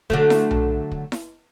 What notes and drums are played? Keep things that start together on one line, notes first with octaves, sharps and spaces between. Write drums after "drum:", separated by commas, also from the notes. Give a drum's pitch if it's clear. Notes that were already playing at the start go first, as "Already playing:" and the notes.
D3 F#3 A3, drum: kick
drum: snare E4
drum: tom B1
drum: kick
drum: snare E4